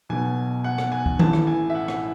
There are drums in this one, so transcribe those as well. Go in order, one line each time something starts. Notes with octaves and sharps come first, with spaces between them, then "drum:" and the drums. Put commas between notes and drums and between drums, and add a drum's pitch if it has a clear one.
B1 B2 G#5
F#5
drum: rim click
G#5
drum: kick
A1 A2 E3 A5, drum: tom D#3
drum: rim click
G#5
E5
F#5
drum: rim click